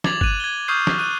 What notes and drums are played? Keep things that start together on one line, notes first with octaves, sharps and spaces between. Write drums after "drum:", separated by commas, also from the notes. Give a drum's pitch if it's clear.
D6 G#6 A6 F7 F#7, drum: snare
F#6 D#7, drum: kick G1
G#6 G7
C#6 D#6 F6 G6 C7 D#7
drum: snare
F#6 D#7